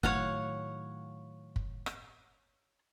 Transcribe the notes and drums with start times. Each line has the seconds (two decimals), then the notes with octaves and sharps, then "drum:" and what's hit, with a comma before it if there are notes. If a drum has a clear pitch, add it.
0.03 A2 D#3 F#3 C#5 F5 F#5, drum: kick
1.56 drum: kick
1.86 drum: rim click